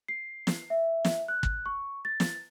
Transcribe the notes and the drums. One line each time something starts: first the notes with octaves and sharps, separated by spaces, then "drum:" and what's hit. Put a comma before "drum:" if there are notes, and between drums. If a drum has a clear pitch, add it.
C7
drum: snare
E5
drum: snare
F#6
drum: kick
C#6
A6
drum: snare